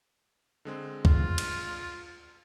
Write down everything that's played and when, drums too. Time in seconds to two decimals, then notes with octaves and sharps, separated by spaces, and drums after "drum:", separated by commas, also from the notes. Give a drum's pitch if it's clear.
0.65 D3 G#3 C4
1.05 F4, drum: kick
1.38 drum: cymbal